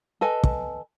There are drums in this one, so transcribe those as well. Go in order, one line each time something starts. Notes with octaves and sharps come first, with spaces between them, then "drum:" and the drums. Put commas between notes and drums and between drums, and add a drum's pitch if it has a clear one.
A4 B4 D#5 G#5
drum: kick